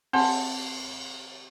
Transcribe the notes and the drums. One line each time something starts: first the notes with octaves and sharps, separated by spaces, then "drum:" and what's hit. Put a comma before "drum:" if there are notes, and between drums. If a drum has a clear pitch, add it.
C4 F#5 A5 C6, drum: cymbal